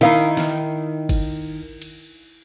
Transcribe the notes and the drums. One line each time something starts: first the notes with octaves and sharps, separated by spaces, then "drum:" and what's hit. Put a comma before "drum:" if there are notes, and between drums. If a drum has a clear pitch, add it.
D#3 D#4 E4 F5
drum: snare
drum: kick, cymbal
drum: cymbal